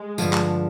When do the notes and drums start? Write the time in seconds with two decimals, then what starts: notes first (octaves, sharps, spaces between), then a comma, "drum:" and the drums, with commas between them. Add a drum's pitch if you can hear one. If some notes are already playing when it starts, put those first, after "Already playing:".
Already playing: G#3
0.18 G2 D3 F3, drum: tambourine
0.33 drum: clap